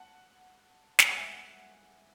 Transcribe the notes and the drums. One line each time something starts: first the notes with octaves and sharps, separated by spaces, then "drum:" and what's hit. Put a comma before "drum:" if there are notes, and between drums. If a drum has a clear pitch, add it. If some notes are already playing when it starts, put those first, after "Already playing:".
Already playing: F#5 A5
G#5, drum: snare
F#5
E5 G#5